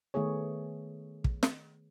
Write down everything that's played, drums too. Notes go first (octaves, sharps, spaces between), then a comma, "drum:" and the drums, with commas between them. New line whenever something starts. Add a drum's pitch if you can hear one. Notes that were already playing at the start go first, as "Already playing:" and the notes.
D#3 A3 B3 G#4 C#5
drum: kick
drum: snare